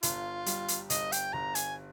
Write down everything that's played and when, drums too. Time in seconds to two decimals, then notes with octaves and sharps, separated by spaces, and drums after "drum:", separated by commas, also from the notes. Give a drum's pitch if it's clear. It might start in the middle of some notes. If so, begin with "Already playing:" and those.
0.03 G1 F4, drum: hi-hat
0.46 G3, drum: hi-hat
0.68 drum: hi-hat
0.90 G1 D#5, drum: hi-hat
1.12 G5, drum: hi-hat
1.33 G1 A#5
1.55 G#5, drum: hi-hat